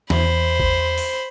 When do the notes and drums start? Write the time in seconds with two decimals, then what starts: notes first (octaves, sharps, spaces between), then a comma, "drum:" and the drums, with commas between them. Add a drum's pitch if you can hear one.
0.10 E2 C5 B5, drum: snare
0.60 drum: kick A1
0.98 drum: open hi-hat